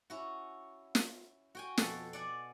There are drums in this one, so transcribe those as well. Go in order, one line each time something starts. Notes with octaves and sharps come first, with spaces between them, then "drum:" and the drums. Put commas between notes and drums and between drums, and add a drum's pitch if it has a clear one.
C#4 E4 F#4
drum: snare
F#4 G5 G#5
F2 B2 A4, drum: snare
D5 F#5 G#5